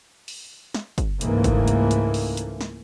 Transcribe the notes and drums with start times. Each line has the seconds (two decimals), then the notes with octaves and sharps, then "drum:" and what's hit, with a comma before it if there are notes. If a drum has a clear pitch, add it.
0.28 drum: open hi-hat
0.74 drum: snare
0.98 drum: kick, hi-hat
1.21 C#2 G#2 E3 A3 A#3, drum: hi-hat
1.44 drum: kick, hi-hat
1.68 drum: hi-hat
1.91 drum: hi-hat
2.14 drum: open hi-hat
2.37 drum: hi-hat
2.61 drum: snare